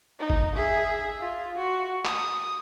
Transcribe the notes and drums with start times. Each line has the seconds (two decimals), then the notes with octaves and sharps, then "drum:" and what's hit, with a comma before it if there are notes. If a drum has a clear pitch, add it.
0.19 D#4
0.30 drum: kick
0.55 G#4 E5
1.20 F4
1.56 F#4
2.05 D#6, drum: clap